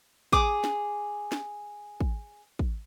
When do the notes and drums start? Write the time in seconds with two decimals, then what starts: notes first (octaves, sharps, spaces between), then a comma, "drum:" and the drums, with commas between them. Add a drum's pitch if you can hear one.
0.32 G#4 D6 D#6, drum: kick
0.64 drum: snare
1.32 drum: snare
2.01 drum: kick
2.59 drum: kick